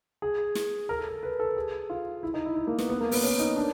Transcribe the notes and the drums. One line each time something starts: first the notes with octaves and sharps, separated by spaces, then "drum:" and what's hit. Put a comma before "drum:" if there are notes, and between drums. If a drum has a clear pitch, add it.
G#4
drum: snare
A#4
A4
A#4
B4
A4
G#4
F4
E4
D#4
E4
E4
A#3
B3, drum: snare
B3
A#3
B3, drum: open hi-hat
C#4
D#4
D4